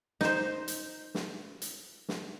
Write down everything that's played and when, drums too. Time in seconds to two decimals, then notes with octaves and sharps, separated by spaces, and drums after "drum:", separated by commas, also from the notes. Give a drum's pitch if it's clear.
0.21 D#4 C5, drum: snare
0.68 drum: hi-hat
1.15 drum: snare
1.62 drum: hi-hat
2.09 drum: snare